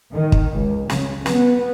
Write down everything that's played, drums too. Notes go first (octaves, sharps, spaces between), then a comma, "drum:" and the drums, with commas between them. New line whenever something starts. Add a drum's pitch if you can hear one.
D#3
drum: kick
C#2
C#3, drum: snare
B3, drum: snare